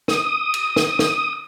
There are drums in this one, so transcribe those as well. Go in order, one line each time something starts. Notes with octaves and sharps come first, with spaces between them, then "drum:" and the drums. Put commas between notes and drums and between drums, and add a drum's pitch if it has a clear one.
D#6, drum: snare
drum: cymbal
drum: snare
drum: snare